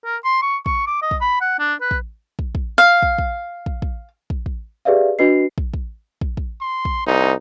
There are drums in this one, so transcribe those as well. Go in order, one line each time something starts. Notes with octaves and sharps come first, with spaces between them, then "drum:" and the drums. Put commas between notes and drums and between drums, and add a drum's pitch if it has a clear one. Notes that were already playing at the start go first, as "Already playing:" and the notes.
A#4
C6
C#6
C#6, drum: kick
D6
D#5
drum: kick
B5
F#5
D4
B4
drum: kick
drum: kick
drum: kick
F5
drum: kick
drum: kick
drum: kick
drum: kick
drum: kick
drum: kick
G4 G#4 B4 D5 E5 F5
D4 F#4 B4 D#5 C7
drum: kick
drum: kick
drum: kick
drum: kick
C6
drum: kick
C2 D#4